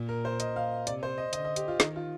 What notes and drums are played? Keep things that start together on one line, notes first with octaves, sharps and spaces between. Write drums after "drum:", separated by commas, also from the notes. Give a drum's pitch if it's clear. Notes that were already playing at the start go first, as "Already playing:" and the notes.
Already playing: A#2
A#4
C5
D#5, drum: hi-hat
F5
C3 D5, drum: hi-hat
C5
D#5
D3 D#5, drum: hi-hat
D#5
G4, drum: hi-hat
F4
D#3 D#4, drum: snare
F4